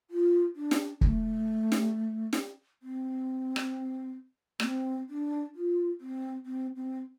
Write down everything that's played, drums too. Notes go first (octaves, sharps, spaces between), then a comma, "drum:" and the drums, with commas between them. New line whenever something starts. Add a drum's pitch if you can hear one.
F4
D4
drum: snare
A3, drum: kick
drum: snare
drum: snare
C4
drum: rim click
A3, drum: rim click
C4
D4
F4
C4
C4
C4